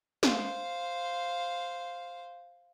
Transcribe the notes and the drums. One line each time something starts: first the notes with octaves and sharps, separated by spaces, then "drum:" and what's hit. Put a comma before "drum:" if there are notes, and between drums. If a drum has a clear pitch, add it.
C5 F5, drum: snare